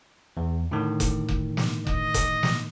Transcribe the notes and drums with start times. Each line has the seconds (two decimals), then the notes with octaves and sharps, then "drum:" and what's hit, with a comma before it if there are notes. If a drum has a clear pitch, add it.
0.37 E2
0.71 A2 D3 D#3
1.00 drum: kick F1, hi-hat
1.29 drum: kick F1
1.57 drum: snare
1.87 D#5, drum: kick F1
2.14 drum: kick F1, hi-hat
2.43 drum: snare